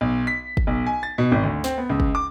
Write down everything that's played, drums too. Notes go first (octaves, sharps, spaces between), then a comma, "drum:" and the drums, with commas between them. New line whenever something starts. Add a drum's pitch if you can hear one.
B1
B6
drum: kick
B1
G#5
A6
B2
G#1
D2
C4, drum: snare
B3
C#2
drum: kick
D6